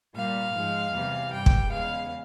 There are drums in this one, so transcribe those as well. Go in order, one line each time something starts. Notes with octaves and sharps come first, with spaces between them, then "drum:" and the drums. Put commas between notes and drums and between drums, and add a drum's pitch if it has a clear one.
A#2 G3 F5
G#2 F3 G#3
E2 C3 E3 G3
G2 G3 G5
drum: kick
E2 C#3 E3 G#3 F5